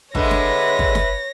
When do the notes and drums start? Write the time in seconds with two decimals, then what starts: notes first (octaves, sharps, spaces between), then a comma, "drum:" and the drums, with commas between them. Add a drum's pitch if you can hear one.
0.15 D3 G#3 A3 B4 C#5 E5 A#6, drum: kick
0.31 drum: snare
0.79 drum: kick
0.95 drum: snare